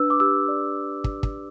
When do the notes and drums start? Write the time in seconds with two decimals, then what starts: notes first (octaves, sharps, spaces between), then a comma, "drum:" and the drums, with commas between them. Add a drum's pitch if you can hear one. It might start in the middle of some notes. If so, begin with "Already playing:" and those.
Already playing: D4 B4 E6
0.10 D6
0.20 G4 E6
0.48 D5
1.04 drum: kick
1.23 drum: kick